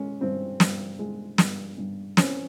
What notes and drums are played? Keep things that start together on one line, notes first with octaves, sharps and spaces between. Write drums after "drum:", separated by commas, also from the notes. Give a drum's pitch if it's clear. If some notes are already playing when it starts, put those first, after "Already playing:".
Already playing: G#3 C#4
G2 C4
G2, drum: snare
G#3
G2, drum: snare
G2
C4 C#4, drum: snare